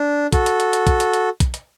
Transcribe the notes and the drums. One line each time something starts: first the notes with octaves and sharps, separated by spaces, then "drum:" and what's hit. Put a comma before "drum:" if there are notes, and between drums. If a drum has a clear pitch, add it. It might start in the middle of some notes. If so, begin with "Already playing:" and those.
Already playing: D4
F#4 A4, drum: kick, hi-hat
drum: hi-hat
drum: hi-hat
drum: hi-hat
drum: kick, hi-hat
drum: hi-hat
drum: hi-hat
drum: kick, hi-hat
drum: hi-hat